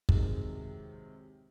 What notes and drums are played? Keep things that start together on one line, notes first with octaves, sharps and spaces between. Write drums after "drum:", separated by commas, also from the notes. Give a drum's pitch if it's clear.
C3 D#3 F#3 G#3, drum: kick